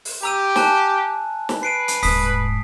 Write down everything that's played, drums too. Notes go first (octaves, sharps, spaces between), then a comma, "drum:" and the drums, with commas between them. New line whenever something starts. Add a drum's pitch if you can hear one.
drum: open hi-hat
G4 A#5 E6 D#7
G#5 A5 F#6, drum: snare
drum: snare
B4 C7 D7 D#7
drum: hi-hat
D#1 G#2 D#6 B6, drum: open hi-hat